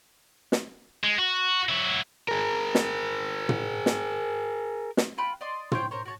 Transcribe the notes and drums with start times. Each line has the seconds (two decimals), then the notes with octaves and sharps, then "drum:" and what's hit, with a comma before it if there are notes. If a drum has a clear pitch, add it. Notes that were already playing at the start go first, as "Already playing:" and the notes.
0.52 drum: snare
1.04 G#3
1.19 F#4
1.69 F#3 E4
2.28 G#4 A#4
2.75 drum: snare
3.49 drum: tom
3.86 drum: snare
4.97 drum: snare
5.18 F4 G5 B5 F#6
5.41 D5 D#5 C6
5.72 F4 C5 C#5 G5, drum: tom
5.91 A#4 C5 C#5
6.06 F#4 C#5 A5